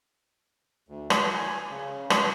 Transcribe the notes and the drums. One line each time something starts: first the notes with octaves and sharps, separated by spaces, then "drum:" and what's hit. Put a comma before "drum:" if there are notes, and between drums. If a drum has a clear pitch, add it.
D2
F3, drum: rim click
G#5
C#3
C#6, drum: rim click